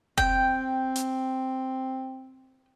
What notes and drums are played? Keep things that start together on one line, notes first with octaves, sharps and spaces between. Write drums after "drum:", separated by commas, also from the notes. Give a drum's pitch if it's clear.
C4 G5, drum: kick F1
drum: hi-hat